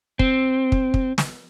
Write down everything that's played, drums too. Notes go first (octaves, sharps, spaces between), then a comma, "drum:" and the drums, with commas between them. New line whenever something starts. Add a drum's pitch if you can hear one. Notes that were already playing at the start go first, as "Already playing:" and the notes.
C4, drum: kick
drum: kick
drum: kick
drum: snare